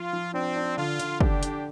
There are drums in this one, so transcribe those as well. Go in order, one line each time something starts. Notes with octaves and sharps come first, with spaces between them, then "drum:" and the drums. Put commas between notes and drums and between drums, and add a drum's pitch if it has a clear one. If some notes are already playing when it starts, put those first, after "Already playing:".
Already playing: F3 F4
F3
C4 D4
D4
D3 F4
D3, drum: hi-hat
D3 D4 G4, drum: kick
D3, drum: hi-hat